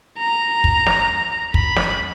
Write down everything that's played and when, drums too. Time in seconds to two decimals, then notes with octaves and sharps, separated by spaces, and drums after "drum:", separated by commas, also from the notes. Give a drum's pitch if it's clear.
0.19 A#5
0.64 drum: kick
0.86 drum: snare
1.54 B5, drum: kick
1.76 drum: snare